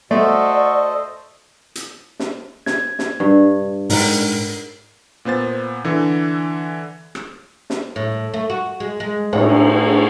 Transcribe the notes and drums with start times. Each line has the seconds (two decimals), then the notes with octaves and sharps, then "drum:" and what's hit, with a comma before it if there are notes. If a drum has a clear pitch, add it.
0.11 A3 F#4 A4 C5 D5 D#5
1.75 drum: hi-hat
2.20 drum: snare
2.66 G#6, drum: snare
2.99 drum: snare
3.20 G2
3.90 G#2 A#4 F#5 G5, drum: open hi-hat
5.25 A#2 B3 C5 A6
5.85 D3 E3
7.15 drum: rim click
7.70 drum: snare
7.96 A2
8.34 A3
8.50 F#4
8.80 G#3
9.00 G#3
9.33 A2, drum: cymbal